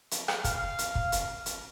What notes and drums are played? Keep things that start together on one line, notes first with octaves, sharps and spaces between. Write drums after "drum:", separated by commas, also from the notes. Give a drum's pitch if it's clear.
drum: hi-hat
drum: rim click
F5, drum: kick, hi-hat
drum: hi-hat
drum: kick
drum: hi-hat
drum: hi-hat